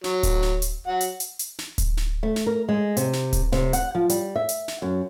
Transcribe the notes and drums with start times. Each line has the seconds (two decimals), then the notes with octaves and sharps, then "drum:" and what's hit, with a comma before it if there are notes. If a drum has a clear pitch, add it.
0.04 F#3, drum: snare
0.23 drum: kick D1, hi-hat
0.43 drum: snare
0.62 drum: hi-hat
0.87 F#3 F#5
1.01 drum: hi-hat
1.20 drum: hi-hat
1.39 drum: hi-hat
1.59 drum: snare
1.78 drum: kick D1, hi-hat
1.97 drum: snare
2.23 A3
2.36 drum: snare
2.47 A#4
2.69 G#3
2.97 C3, drum: hi-hat
3.13 drum: snare
3.33 drum: kick D1, hi-hat
3.52 C3, drum: snare
3.73 F#5, drum: hi-hat
3.95 F3
4.09 G3, drum: hi-hat
4.36 E5
4.49 drum: hi-hat
4.68 drum: snare
4.82 F#2